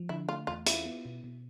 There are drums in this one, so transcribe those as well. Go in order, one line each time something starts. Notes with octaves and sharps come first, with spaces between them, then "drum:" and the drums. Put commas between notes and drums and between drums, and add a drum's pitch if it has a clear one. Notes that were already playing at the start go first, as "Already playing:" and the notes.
Already playing: F3
D3 E4
A3 F4
E2 F4
E4 F4, drum: hi-hat
B3
B2
B2